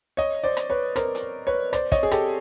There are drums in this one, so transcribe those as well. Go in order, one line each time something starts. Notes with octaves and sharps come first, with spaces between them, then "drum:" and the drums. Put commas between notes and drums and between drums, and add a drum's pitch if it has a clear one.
C#5 D#5
C5 D5
drum: rim click
B4 C#5
A#4 C5, drum: rim click
drum: hi-hat
B4 C#5
C5 D5, drum: rim click
C#5 D#5, drum: kick, hi-hat
G#4
G4 A4, drum: rim click